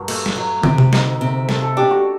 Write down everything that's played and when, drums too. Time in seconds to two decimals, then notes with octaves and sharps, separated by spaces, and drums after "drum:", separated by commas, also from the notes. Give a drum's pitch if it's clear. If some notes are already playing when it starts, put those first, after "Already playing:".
Already playing: G2 A#3 F#4
0.08 A3, drum: cymbal
0.26 drum: snare
0.36 F#3
0.63 C3, drum: tom
0.78 drum: tom C3
0.93 D2 D#4, drum: snare
1.21 C3
1.49 A3, drum: snare
1.62 A4
1.77 D4 G4
1.91 F#4